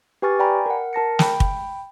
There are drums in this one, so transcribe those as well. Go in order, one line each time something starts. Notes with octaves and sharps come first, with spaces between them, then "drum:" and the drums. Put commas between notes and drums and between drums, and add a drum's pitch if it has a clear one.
G4 B4 G#5 C#6 F6 A6
D5 G5 G#5 A#5 B5
A#4 F#5
A#4 A5 A#6 C#7
G5 B5, drum: snare
drum: kick